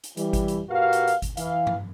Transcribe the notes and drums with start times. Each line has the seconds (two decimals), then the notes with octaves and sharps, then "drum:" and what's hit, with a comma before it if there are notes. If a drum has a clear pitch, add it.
0.04 drum: hi-hat
0.17 E3 G3, drum: hi-hat
0.33 drum: kick G#1, hi-hat
0.48 drum: hi-hat
0.70 A#2 A#3 F#4 G4 B4 F5
0.93 drum: hi-hat
1.07 drum: hi-hat
1.22 drum: kick G#1, hi-hat
1.37 E3 F5, drum: hi-hat
1.67 drum: tom G2